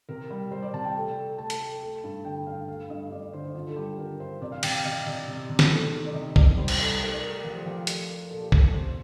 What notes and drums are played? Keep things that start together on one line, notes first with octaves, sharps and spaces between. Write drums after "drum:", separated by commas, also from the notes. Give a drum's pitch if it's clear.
C3 A#4
G3
G3 C5
D5
C3 A5
G5
A3
A3
A3 A5
drum: hi-hat
A3
A3
G2
D3 G5
G2 F5
A3 F5
G2 D#5
G2 D5
D5
D3 C5
C5
D3 F4
A4
G3 G4
D3 A#4
G2 C5
C3 D5
F5
C3 G5, drum: cymbal
F5
C3 D#5
C3 D5
C3
C3
drum: snare
A3
D#3
D5
C3 D#5
C3 D5, drum: kick A1
G3 C5
drum: cymbal
G3 A4
C5
A3 A#4
D5
A3 A#4
G4
F3 A#4
C5
F3 G4
F5
A3 D5, drum: hi-hat
A3 A#4
A#2 A4
G4
A3 G4, drum: kick A1
A4
C3 C5